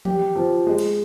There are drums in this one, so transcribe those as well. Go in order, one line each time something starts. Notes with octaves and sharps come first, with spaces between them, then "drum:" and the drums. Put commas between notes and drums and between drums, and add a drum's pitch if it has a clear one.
G4, drum: tom E3
F3
G#3
drum: cymbal